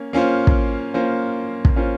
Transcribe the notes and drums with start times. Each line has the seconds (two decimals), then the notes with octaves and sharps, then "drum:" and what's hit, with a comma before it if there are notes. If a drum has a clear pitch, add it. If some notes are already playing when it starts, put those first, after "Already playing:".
Already playing: A#3 C#4
0.13 A#3 C#4 F4 C5
0.47 drum: kick
0.94 A#3 C#4 F4 C5
1.65 drum: kick
1.76 A#3 C#4 F4 C5